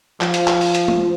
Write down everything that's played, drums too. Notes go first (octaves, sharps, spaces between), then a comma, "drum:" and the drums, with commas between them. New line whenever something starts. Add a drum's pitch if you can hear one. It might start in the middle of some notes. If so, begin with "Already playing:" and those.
F3, drum: clap
drum: hi-hat
drum: clap
drum: open hi-hat
drum: hi-hat
drum: tom